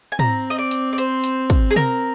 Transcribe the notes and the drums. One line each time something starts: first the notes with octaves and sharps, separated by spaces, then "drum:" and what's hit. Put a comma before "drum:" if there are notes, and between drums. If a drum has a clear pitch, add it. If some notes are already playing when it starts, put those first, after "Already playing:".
G#5
C4 A#5, drum: tom
D#5
D5
drum: hi-hat
D5
C5, drum: hi-hat
drum: hi-hat
drum: kick, hi-hat
G#4
A#4, drum: tom